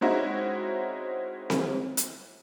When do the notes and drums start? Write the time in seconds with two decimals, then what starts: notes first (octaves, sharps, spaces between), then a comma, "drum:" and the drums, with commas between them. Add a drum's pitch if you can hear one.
0.01 G#3 C4 C#4 D#4 E4 F#4
1.50 drum: snare C4
1.97 drum: hi-hat